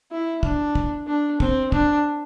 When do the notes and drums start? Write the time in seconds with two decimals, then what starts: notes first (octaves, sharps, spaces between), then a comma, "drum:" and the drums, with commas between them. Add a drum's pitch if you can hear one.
0.12 E4
0.43 D4, drum: kick
0.75 drum: kick
1.07 D4
1.40 C4, drum: kick
1.72 D4, drum: kick